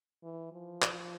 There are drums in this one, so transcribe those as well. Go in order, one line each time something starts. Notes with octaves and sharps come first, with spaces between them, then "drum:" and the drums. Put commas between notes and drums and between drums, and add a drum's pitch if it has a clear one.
E3
F3
drum: clap